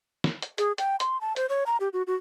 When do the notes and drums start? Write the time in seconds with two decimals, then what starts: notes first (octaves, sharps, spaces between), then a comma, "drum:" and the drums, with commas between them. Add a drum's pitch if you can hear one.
0.24 drum: snare
0.42 drum: hi-hat
0.58 G#4, drum: hi-hat
0.78 G5, drum: hi-hat
1.00 C6, drum: hi-hat
1.21 A5
1.36 C5, drum: hi-hat
1.49 C#5
1.66 A#5
1.80 G4
1.93 F#4
2.07 F#4